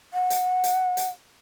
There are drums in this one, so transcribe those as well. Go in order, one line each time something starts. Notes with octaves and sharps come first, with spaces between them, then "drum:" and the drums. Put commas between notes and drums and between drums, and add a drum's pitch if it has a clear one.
F#5
drum: hi-hat
drum: hi-hat
drum: hi-hat